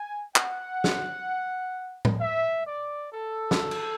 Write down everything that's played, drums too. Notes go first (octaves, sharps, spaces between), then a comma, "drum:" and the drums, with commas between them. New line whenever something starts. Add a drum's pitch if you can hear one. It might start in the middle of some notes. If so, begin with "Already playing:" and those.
Already playing: G#5
F#5, drum: clap
drum: snare
drum: tom A2
E5
D5
A4
drum: snare
drum: cymbal